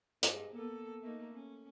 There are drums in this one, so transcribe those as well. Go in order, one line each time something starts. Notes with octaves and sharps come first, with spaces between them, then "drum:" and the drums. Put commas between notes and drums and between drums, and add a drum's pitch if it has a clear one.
G2 G#3, drum: hi-hat
A#3 B3 A4
A3 A#3 D#4
C#4